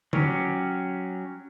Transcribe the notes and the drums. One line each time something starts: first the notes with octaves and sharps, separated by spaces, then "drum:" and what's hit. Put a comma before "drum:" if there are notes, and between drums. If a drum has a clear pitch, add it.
F#3 C#4 G4, drum: tom D3